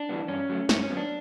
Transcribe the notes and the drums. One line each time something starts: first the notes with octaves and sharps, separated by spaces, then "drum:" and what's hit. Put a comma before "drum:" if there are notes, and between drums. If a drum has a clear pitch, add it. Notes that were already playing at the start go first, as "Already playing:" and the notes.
Already playing: D4
E3 G3 B3
G2 C#4
F#3 A3
G2 C#4, drum: snare
C#4
F#3 B3
D4